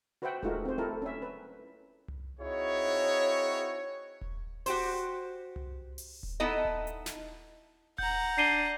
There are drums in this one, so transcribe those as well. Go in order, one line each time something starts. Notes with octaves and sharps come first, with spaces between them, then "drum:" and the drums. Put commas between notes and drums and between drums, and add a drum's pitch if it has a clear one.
F#4 B4 C5 E5 F#5 G5
G#3 A3 D#4 F4 F#4 A#4, drum: kick D#1
C4 C5
A3 E4 F4 G4 A4 A#4
C#4 E5
B4
drum: tom C2
C4 D#4 E4 F#4 G#4 C#5
drum: kick D#1
F#4 G4 C5, drum: open hi-hat
drum: tom C2
drum: open hi-hat
drum: kick D#1
B3 D#4 E4 A4 D#5
drum: kick D#1
drum: hi-hat
drum: snare
F#5 A#5 G6, drum: kick D#1
D4 C7 D#7 G7